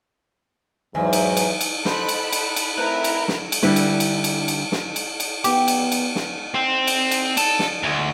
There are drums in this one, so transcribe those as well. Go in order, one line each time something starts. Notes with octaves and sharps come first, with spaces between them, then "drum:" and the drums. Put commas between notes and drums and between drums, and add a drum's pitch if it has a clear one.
E2 G#2 F#3 G#5
drum: cymbal
drum: cymbal
drum: cymbal
D#4 A4 C5 B5 F#6, drum: snare
drum: cymbal
drum: cymbal
drum: cymbal
A3 C4 E4 A#4 B4
drum: cymbal
drum: snare
drum: cymbal
D3 G3 D4 E4 B4
drum: cymbal
drum: cymbal
drum: cymbal
drum: cymbal
drum: snare
drum: cymbal
drum: cymbal
B3 G4, drum: cymbal
drum: cymbal
drum: cymbal
drum: snare
C4
drum: cymbal
drum: cymbal
A4, drum: cymbal
drum: snare
D2